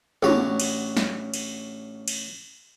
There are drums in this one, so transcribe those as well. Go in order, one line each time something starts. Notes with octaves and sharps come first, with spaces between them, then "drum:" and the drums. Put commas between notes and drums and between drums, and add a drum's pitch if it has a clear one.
A1 D3 F#4 C#5, drum: tom
drum: cymbal
drum: snare
drum: cymbal
drum: cymbal